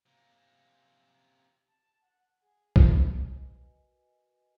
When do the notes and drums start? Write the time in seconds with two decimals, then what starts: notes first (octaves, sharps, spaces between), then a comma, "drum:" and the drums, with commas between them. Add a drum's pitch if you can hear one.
0.06 C3 A#3
1.69 A5
2.03 F#5
2.42 G#4
2.76 drum: kick
3.09 F#4 A#4 B4 D#5 G#5